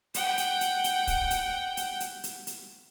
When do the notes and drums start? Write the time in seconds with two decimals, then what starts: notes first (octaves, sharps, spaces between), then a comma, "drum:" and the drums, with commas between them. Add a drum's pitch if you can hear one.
0.14 F#5 G5, drum: hi-hat
0.38 drum: hi-hat
0.61 drum: hi-hat
0.84 drum: hi-hat
1.07 drum: kick, hi-hat
1.31 drum: hi-hat
1.77 drum: hi-hat
2.00 drum: hi-hat
2.24 drum: hi-hat
2.47 drum: hi-hat